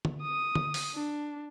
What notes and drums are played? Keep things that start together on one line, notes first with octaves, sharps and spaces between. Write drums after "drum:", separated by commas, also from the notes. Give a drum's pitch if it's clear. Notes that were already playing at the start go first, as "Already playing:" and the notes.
drum: tom D3
D#6
drum: tom D3
drum: open hi-hat
D4